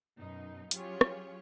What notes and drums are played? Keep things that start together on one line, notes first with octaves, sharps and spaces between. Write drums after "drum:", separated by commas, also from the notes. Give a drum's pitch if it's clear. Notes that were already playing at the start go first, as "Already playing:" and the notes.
F#2 B2 D#4
F#3 C#4 F4 G4 G#4 C#5, drum: hi-hat
drum: rim click